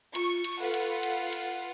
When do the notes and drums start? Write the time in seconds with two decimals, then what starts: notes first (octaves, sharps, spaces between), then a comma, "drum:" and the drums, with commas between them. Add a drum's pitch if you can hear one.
0.15 F4 C#6, drum: cymbal
0.44 drum: cymbal
0.61 F4 A4 B4 F#5
0.74 drum: cymbal
1.03 drum: cymbal
1.33 drum: cymbal